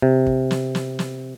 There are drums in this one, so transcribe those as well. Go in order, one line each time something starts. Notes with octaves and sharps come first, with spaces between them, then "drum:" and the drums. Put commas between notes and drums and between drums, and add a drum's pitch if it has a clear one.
C3
drum: kick
drum: snare
drum: snare
drum: snare